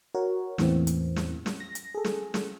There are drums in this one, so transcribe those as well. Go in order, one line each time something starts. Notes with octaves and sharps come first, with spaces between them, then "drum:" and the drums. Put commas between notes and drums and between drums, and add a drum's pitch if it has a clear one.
F#4 A#4 C#5
E2 A2 E3 A#3 C4, drum: snare
drum: hi-hat
drum: snare
drum: snare
A#6
drum: hi-hat
G#4 A4
drum: snare
drum: snare